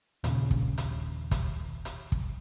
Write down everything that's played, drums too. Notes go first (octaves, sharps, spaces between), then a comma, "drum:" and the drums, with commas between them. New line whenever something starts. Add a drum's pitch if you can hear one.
D#2 A#2 C#3, drum: hi-hat
drum: kick
drum: hi-hat
drum: kick, hi-hat
drum: hi-hat
drum: kick